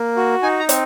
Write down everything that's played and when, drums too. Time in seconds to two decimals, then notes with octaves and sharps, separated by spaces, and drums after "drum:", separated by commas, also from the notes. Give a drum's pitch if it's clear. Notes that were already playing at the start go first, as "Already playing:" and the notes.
Already playing: A#3
0.16 F#4
0.43 D#4 G#5
0.60 A#5
0.69 C4, drum: hi-hat